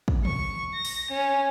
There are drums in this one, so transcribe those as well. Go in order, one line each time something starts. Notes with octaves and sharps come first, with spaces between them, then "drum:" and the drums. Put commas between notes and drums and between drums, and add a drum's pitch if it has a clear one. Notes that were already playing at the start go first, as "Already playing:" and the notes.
drum: kick
C#6, drum: tom
A#6
drum: open hi-hat
C#4